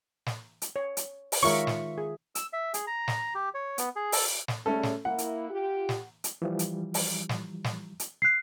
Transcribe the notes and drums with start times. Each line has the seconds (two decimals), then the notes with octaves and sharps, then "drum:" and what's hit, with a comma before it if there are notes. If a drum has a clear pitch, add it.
0.26 drum: snare
0.62 drum: hi-hat
0.76 C#5
0.97 drum: hi-hat
1.32 drum: open hi-hat
1.43 D#3 G#3 F4 A#4 C#5 E5 C#6
1.67 drum: snare
1.98 G#4
2.35 E6, drum: hi-hat
2.53 E5
2.74 G#4, drum: hi-hat
2.87 A#5
3.08 drum: snare
3.35 G4
3.54 C#5
3.78 B3, drum: hi-hat
3.96 G#4
4.12 A4, drum: open hi-hat
4.48 drum: snare
4.66 C#3 G3 A3 C#4 A4
4.83 drum: snare
5.05 A#3 E4 F#5
5.18 drum: hi-hat
5.50 F4 G4
5.89 drum: snare
6.24 drum: hi-hat
6.42 E3 F3 G3
6.59 drum: hi-hat
6.94 drum: open hi-hat
7.29 drum: snare
7.64 drum: snare
8.00 drum: hi-hat
8.22 F#6 C7